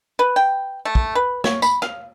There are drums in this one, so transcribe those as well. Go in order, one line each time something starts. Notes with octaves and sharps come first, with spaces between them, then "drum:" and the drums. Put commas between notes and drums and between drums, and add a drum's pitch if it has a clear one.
B4
G5
A3
drum: kick
B4
C#5, drum: snare
B5, drum: tambourine
F5, drum: rim click